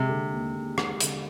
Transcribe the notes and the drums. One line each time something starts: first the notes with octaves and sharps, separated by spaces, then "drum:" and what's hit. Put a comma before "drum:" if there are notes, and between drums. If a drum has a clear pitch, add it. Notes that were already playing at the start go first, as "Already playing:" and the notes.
Already playing: C3 G#3
D3
D#2
D#2
G#3, drum: rim click
D3, drum: hi-hat